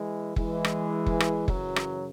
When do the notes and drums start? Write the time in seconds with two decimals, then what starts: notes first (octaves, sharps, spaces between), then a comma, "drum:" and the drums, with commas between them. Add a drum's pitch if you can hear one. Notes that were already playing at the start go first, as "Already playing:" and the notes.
Already playing: E3 G#3
0.36 E3 G#3, drum: kick F#1
0.64 drum: rim click
1.06 drum: kick F#1
1.20 drum: rim click
1.48 F#2 C#3 E3 F#3, drum: kick F#1
1.76 drum: rim click